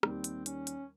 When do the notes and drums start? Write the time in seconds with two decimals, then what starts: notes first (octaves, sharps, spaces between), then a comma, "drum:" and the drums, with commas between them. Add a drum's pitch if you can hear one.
0.03 D#2 D#3 G3 C4, drum: rim click
0.24 drum: hi-hat
0.46 C#4, drum: hi-hat
0.67 drum: hi-hat